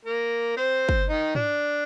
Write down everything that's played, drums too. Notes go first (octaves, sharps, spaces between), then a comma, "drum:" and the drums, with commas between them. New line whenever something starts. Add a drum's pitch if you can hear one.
A#3 A#4
C4 C5
drum: kick
D#3 D#4
D4, drum: tom